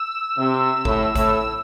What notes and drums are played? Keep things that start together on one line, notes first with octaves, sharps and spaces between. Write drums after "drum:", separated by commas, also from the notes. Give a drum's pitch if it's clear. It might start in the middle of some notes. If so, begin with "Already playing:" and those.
Already playing: E6
C3
A2, drum: kick G#1
A2, drum: kick G#1, hi-hat